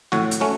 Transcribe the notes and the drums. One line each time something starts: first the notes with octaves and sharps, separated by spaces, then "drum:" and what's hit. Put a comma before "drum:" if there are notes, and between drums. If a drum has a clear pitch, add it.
A2 F#4, drum: snare A#3
drum: hi-hat
F#3 A3 C#4